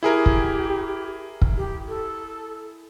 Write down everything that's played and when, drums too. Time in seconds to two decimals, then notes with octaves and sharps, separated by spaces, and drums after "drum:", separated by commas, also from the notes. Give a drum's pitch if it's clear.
0.03 E4 G4 G#4 A#4
0.26 drum: kick
1.42 drum: kick
1.57 G4
1.88 A4